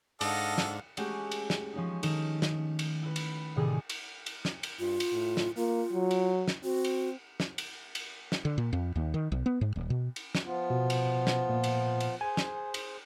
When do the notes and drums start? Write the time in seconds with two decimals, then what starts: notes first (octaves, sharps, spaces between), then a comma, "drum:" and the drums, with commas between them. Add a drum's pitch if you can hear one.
0.21 G#2 D4 A4 D#5 F5 F#5, drum: cymbal
0.58 drum: snare
0.97 G#3 A3 C#4 F#4 G4, drum: cymbal
1.32 drum: cymbal
1.50 drum: snare
1.73 F3 C#4 D#4
2.03 D#3 D#4 A4 F6 E7, drum: cymbal
2.42 drum: snare
2.79 drum: cymbal
3.03 E4 B4
3.16 drum: cymbal
3.56 A2 C3 D#3 G3 G#4
3.90 drum: cymbal
4.26 drum: cymbal
4.45 drum: snare
4.63 drum: cymbal
4.79 G2 F4
5.00 drum: cymbal
5.12 A2
5.37 drum: snare
5.57 A#3 F4
5.93 F#3
6.11 drum: cymbal
6.48 drum: snare
6.64 C4 F#4
6.84 drum: cymbal
7.40 drum: snare
7.58 drum: cymbal
7.95 drum: cymbal
8.32 drum: snare
8.45 D3
8.58 A#2
8.73 F2
8.96 D#2
9.14 D#3
9.32 B1
9.46 B3
9.61 G#2
9.76 D#1
9.90 B2
10.16 drum: cymbal
10.35 drum: snare
10.44 F3 B3 F4
10.70 B2
10.90 drum: cymbal
11.27 drum: snare
11.49 A#2
11.64 drum: cymbal
12.00 drum: cymbal
12.21 G#4 C5 G#5
12.37 drum: snare
12.74 drum: cymbal